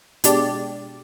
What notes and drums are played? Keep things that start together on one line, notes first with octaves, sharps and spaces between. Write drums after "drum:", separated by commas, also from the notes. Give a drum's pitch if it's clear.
B2 G#3 D4 G4 D5, drum: hi-hat